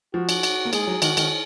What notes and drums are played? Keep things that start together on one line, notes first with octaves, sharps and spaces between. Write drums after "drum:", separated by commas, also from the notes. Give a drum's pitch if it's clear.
F3 F#4
drum: cymbal
drum: cymbal
A#3
G#3 G#4, drum: cymbal
F#3
D#3 F#4, drum: cymbal
D#3, drum: cymbal